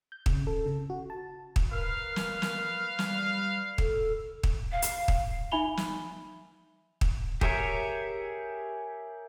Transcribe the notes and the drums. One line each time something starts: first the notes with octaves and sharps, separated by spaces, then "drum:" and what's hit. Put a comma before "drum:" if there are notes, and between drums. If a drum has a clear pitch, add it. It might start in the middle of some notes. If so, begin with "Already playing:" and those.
G6
C#3, drum: kick
A4
C#3
F#4
A5
drum: kick
A#4 B4 F5
drum: snare
drum: snare
G3, drum: snare
A4, drum: kick
drum: kick
F5
drum: hi-hat
drum: kick
D#4 E5 G#5 B5 F7 G7
drum: snare
drum: kick
G4 G#4 A#4 C#5 E5, drum: kick